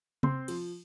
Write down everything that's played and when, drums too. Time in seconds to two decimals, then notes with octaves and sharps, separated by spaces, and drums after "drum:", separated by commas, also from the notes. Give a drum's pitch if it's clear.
0.23 C4 C6, drum: tom C3
0.48 F3, drum: cymbal